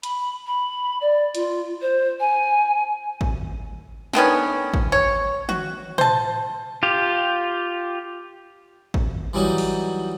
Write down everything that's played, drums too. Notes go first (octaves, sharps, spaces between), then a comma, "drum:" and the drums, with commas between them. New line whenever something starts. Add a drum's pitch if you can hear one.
B5, drum: hi-hat
B5
D5
F4, drum: hi-hat
C5
G#5
drum: kick G#1
D3 D#3 B3 C#4, drum: snare
drum: kick G#1
C#5
F#4, drum: tom
C5 A5, drum: tom
F4 G4
drum: kick G#1
E3 F#3 G3 D#4
drum: open hi-hat